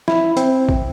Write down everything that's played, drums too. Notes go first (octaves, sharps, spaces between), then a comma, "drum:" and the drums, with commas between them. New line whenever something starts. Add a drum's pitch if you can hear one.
E4, drum: snare
C4, drum: hi-hat
drum: kick